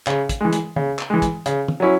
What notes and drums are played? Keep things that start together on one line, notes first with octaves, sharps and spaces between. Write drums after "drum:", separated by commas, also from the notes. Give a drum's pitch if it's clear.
C#3, drum: clap
drum: kick, hi-hat
E3 G#3
drum: hi-hat
C#3, drum: tom
drum: clap
E3 G#3
drum: kick, hi-hat
C#3, drum: hi-hat
drum: tom
F#3 C#4 E4